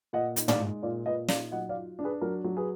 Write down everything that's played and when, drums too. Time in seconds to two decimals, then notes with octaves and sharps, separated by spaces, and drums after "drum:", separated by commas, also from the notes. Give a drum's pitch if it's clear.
0.13 A#2 D#5 F#5
0.36 D#4, drum: hi-hat
0.48 D5 F5, drum: tom
0.59 G#3
0.83 A#2 D5 F5
1.06 A#2 B4 D#5
1.28 D#4 D5 F5, drum: snare
1.52 F#3 D#5 F#5
1.69 D5 F5
1.75 F4
1.99 D4
2.04 G#4 B4
2.21 F#3 A#4
2.44 F#3
2.57 G#4 B4